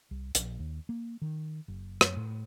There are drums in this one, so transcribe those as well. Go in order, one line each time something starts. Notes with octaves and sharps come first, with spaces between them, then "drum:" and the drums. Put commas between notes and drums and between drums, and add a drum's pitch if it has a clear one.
C2
A#1, drum: hi-hat
D#2
A#3
D#3
F#1
F#2, drum: rim click
A2